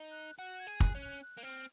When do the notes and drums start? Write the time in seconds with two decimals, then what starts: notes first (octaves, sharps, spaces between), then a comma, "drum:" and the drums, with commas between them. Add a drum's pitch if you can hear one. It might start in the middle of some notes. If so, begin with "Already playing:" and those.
Already playing: D#4
0.11 F#6
0.39 F#4 F#6
0.60 G#6
0.67 G#4
0.80 F#6, drum: kick
0.95 C#4
1.02 F#6
1.22 F#6
1.37 A#3
1.43 C4 F6